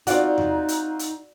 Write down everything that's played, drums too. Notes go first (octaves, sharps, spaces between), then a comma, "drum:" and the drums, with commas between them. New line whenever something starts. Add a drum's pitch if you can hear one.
C4 D#4 F4 F#4 D5, drum: hi-hat
drum: tom E2
drum: hi-hat
drum: hi-hat